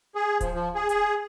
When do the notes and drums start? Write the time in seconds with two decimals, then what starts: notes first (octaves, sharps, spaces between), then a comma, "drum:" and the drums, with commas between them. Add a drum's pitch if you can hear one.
0.15 G#4
0.41 F3, drum: kick D1, hi-hat
0.54 F3
0.75 G#4
0.89 G#4, drum: hi-hat